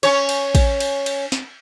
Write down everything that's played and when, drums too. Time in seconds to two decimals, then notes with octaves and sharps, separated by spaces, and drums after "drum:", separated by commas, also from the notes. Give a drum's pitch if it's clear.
0.03 C#4 C#5, drum: cymbal
0.29 drum: cymbal
0.55 drum: kick, cymbal
0.80 drum: cymbal
1.06 drum: cymbal
1.32 drum: snare